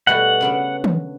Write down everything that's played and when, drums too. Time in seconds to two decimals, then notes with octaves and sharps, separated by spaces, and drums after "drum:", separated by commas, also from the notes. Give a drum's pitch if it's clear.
0.07 B2 G3 A3 F#5
0.41 C#3 B3 D4
0.84 drum: tom D#3